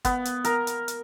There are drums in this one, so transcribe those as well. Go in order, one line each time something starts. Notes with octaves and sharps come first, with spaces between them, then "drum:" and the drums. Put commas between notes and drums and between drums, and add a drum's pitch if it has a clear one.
B3, drum: kick, hi-hat
drum: hi-hat
A#4, drum: hi-hat
drum: hi-hat
drum: hi-hat